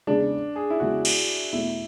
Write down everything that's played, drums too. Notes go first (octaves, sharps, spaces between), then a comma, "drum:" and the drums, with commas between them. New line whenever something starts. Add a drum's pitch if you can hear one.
E2 C#3 G#3 D4
G#4
E4
E2 C#3 G#3 F#4
drum: cymbal
E2 B2 A3 E4